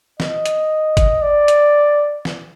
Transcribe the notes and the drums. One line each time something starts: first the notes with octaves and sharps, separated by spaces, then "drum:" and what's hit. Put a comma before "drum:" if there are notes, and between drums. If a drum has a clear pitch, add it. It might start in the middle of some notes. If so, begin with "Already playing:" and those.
D#5, drum: snare
drum: hi-hat
drum: kick G1, hi-hat
D5
drum: hi-hat
drum: snare